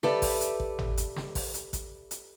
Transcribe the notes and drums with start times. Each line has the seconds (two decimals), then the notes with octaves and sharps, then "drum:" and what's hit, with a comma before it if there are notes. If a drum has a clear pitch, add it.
0.03 G4 A4 B4 D5 E5, drum: snare
0.22 drum: kick, open hi-hat
0.41 drum: hi-hat
0.60 drum: kick
0.79 drum: tom G#1
0.97 drum: hi-hat
1.16 drum: snare
1.35 drum: kick, open hi-hat
1.54 drum: hi-hat
1.73 drum: kick, hi-hat
2.11 drum: hi-hat